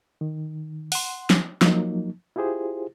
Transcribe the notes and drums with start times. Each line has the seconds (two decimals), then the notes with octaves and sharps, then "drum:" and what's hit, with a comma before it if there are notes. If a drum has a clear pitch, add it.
0.21 D#3
0.92 F#5 C6, drum: open hi-hat
1.30 drum: snare
1.62 F3 F#3 A#3 D#4, drum: snare
2.36 E4 F4 G4 G#4 C5